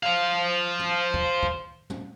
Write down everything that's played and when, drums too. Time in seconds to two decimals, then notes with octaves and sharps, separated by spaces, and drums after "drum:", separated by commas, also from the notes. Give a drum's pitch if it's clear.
0.03 C5 F5
0.79 drum: tom
1.14 drum: kick
1.43 drum: kick
1.90 drum: tom